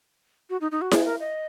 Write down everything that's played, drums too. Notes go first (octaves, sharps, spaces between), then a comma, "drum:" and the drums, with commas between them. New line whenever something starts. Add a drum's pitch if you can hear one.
F#4
D#4
D#4
F#4
G#4, drum: snare E4
A#4
D#5